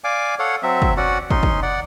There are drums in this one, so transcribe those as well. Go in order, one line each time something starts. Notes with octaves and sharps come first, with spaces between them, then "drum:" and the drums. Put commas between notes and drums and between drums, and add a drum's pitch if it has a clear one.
D5 F5 G#5 D6
A4 C#5 F5 F#5
F#3 C4 E5
drum: kick
C#4 F#4 D5 F#5
C#4 D#4 C6, drum: kick
drum: kick
D5 F#5